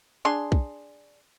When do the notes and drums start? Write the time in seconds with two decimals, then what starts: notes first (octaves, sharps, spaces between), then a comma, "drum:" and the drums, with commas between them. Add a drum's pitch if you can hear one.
0.25 D4 G#4 C6
0.52 drum: kick